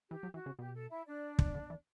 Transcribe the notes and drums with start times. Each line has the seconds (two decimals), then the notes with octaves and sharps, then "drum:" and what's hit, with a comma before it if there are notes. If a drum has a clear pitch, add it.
0.10 E3 G4
0.23 F#3
0.34 E3 F#4
0.46 C#3
0.59 B2 G4
0.75 A4
0.90 E4 E5
1.06 D4 D5
1.39 drum: kick
1.54 D3
1.70 E3